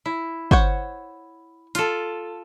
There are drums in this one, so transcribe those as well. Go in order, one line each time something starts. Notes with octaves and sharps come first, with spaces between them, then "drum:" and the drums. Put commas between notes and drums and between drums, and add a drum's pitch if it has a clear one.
E4
C5 C#5 F#5, drum: kick
F4 A4, drum: hi-hat